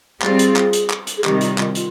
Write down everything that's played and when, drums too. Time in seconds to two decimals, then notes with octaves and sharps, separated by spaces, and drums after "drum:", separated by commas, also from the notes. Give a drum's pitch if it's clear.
0.22 G3 C4 F4 G#4, drum: clap
0.39 drum: hi-hat
0.56 drum: clap
0.73 drum: hi-hat
0.90 drum: clap
1.07 drum: hi-hat
1.17 G#4
1.24 C3 D#3 G3 G4, drum: clap
1.41 F4, drum: hi-hat
1.58 F4, drum: clap
1.75 F4, drum: hi-hat